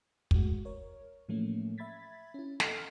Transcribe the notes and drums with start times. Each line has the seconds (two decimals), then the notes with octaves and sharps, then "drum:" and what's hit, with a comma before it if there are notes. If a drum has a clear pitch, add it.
0.31 A2 G#3 F#4, drum: kick
0.65 A#4 C#5
1.29 A2 E3 F3 A3 A#3 C#4
1.78 E5 B5 G#6 A6 B6
2.34 C#4 E4
2.60 A4 D#5 F#5 E6 F6 G#6, drum: snare